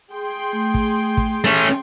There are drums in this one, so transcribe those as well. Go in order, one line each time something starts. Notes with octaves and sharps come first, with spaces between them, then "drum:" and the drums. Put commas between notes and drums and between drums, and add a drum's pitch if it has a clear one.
G#4 G5 C6
A3
drum: kick
drum: kick
A3 C#4